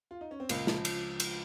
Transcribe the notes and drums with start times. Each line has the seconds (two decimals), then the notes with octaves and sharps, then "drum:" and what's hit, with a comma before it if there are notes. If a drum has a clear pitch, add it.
0.11 F4
0.21 D#4
0.31 C#4
0.40 C4
0.49 C#2 A#2 A#3, drum: cymbal
0.67 F3, drum: snare
0.85 drum: cymbal
1.20 drum: cymbal